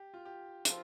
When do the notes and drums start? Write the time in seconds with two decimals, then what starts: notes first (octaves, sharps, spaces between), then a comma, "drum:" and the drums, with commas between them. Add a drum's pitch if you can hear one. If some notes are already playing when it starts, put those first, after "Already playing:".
Already playing: G4
0.14 F4
0.25 G4
0.65 F3 C4 F4, drum: hi-hat